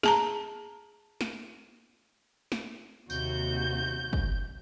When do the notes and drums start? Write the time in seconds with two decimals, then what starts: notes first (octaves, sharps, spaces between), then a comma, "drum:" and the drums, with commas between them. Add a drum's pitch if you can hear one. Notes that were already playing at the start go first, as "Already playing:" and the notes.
0.03 G#4 A5 A#5, drum: snare
1.21 drum: snare
2.52 drum: snare
3.10 D#2 C3 F#4 G6, drum: tambourine
4.13 drum: kick